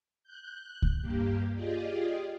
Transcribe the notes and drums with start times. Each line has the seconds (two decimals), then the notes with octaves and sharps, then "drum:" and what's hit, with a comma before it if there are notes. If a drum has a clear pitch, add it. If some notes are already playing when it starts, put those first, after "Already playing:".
0.23 F#6 G6
0.82 drum: kick C#2
1.01 G2 A#3 G4
1.54 F4 G4 G#4 D5 D#5